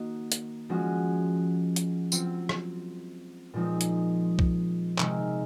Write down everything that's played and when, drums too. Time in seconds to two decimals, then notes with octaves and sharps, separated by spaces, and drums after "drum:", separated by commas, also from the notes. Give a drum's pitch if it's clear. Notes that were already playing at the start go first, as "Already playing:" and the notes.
Already playing: D#3 A#3 D#4 F#4
0.32 drum: hi-hat
0.69 F3 G#3 C#4 F#4
1.76 drum: hi-hat
2.12 F#3 C4 F4, drum: tambourine
2.49 drum: rim click
3.53 A#2 F3 G#3 C4 D#4
3.81 drum: hi-hat
4.39 drum: kick B1
4.98 C3 D#3 G#3, drum: clap